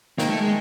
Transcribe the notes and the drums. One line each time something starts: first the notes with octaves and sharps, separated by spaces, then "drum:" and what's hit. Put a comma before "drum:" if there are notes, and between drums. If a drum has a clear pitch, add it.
D#3 A#3, drum: snare
A3
G#3